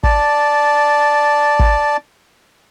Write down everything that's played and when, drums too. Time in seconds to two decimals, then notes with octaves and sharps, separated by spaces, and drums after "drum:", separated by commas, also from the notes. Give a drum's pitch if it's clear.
0.04 D5 A5, drum: kick
1.60 drum: kick